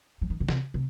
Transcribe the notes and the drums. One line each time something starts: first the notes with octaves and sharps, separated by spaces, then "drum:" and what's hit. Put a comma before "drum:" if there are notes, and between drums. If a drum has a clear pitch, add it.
F3
D#3
C#3
C3, drum: snare
C3